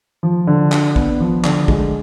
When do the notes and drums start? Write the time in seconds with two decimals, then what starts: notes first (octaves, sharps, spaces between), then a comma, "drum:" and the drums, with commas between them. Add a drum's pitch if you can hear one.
0.23 F3
0.47 D3
0.72 D4, drum: clap
0.96 B3, drum: kick
1.20 F3
1.44 D3, drum: clap
1.68 G#3, drum: kick